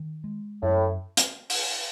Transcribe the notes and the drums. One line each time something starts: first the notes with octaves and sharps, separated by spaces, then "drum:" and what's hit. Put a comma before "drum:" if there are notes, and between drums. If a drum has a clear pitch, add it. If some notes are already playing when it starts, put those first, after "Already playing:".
Already playing: D#3
G#3
F#2 A2
drum: hi-hat
drum: open hi-hat